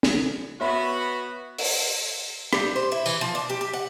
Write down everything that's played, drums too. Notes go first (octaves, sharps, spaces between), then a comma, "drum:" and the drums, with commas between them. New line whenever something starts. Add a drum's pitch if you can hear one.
drum: snare
B3 F#4 C#5 E5 B5
drum: open hi-hat
G3, drum: rim click
C5
E4
E3, drum: tambourine
F3
D4
G4
G4
F#5